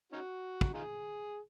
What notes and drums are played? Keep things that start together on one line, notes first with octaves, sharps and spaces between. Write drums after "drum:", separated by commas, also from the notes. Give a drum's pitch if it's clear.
C#4 D#4 F#4
drum: kick
D#4 F4 G#4